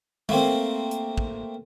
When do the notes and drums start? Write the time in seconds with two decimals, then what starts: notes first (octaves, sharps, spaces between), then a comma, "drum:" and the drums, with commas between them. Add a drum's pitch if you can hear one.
0.29 A3 A#3 C4, drum: tom
0.91 drum: hi-hat
1.18 drum: kick